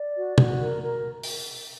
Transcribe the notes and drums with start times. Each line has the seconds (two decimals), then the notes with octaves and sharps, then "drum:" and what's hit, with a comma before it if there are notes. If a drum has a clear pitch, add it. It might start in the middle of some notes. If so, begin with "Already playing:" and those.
Already playing: D5
0.16 F#4
0.38 F#4, drum: tom
0.60 A#4
0.81 A#4
1.23 drum: open hi-hat